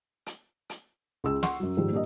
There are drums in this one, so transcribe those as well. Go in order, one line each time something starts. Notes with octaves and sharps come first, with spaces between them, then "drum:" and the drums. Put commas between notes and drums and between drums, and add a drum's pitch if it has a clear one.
drum: hi-hat
drum: hi-hat
C#2 G#4 E6
F#5 C6 C#6, drum: snare
F#2 F#3
G#2 D#3 F3 G3
A#2 G3 A#3 D4 D#5